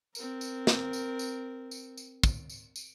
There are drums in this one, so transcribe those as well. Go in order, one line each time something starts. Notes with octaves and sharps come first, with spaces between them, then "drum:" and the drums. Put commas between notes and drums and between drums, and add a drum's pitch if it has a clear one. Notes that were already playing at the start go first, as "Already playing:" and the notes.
C4 A#4, drum: tambourine
drum: tambourine
drum: snare
drum: tambourine
drum: tambourine
drum: tambourine
drum: tambourine
drum: kick, tambourine
drum: tambourine
drum: tambourine